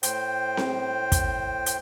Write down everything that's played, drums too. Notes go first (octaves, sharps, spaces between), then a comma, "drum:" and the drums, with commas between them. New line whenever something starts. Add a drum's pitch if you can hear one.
A2 C5 G5, drum: hi-hat
drum: snare C4
drum: kick, hi-hat
drum: hi-hat